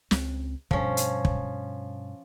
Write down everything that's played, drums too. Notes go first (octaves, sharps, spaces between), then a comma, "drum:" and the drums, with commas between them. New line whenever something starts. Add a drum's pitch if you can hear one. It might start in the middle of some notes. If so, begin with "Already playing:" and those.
C#2 C4, drum: snare
G2 B2 F3 C#4, drum: kick
drum: hi-hat
drum: kick